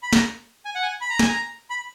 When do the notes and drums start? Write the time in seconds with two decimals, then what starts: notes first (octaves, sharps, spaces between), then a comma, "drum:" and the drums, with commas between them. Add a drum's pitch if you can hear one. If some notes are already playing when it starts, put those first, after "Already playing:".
0.03 B5
0.13 A#5, drum: snare
0.65 G#5
0.75 F#5
0.82 G#5
1.01 B5
1.10 A#5
1.19 G#5, drum: snare
1.28 A#5
1.70 B5